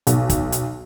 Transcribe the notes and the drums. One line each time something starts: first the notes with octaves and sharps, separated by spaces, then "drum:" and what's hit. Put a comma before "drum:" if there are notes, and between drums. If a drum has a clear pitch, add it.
B1, drum: hi-hat
drum: kick, hi-hat
drum: hi-hat